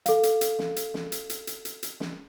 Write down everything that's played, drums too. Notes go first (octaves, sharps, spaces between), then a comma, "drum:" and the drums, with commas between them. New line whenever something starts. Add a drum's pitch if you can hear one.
A4 F5, drum: hi-hat
drum: hi-hat
drum: hi-hat
drum: snare
drum: hi-hat
drum: snare
drum: hi-hat
drum: hi-hat
drum: hi-hat
drum: hi-hat
drum: hi-hat
drum: snare